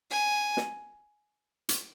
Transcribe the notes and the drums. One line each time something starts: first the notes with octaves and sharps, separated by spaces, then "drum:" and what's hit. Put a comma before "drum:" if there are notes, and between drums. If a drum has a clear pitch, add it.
G#5
drum: snare
drum: hi-hat